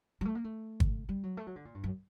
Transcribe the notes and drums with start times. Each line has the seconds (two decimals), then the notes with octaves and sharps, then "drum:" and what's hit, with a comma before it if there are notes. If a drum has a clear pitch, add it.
0.21 G3
0.25 A3
0.35 A#3
0.44 A3
0.80 drum: kick
1.09 G3
1.23 F#3
1.37 A3
1.47 F#3
1.56 D3
1.65 A#2
1.74 G2
1.84 F#2